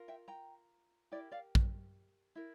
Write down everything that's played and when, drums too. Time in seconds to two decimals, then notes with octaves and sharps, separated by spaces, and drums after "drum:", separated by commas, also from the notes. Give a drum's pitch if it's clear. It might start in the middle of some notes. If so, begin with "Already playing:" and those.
Already playing: F4 A#4
0.08 E5 G5
0.28 G5 A#5
1.12 E4 G4 A#4 D5
1.32 D5 F5
1.55 drum: kick
2.35 E4 A#4